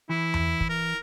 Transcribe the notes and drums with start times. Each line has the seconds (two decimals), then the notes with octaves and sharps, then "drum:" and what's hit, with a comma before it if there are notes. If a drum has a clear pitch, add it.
0.09 E3 E4
0.34 drum: tom E2
0.60 drum: kick
0.69 A#4